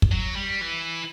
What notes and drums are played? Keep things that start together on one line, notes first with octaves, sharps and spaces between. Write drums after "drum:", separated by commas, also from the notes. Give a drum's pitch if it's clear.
drum: kick
F#3
G3
E3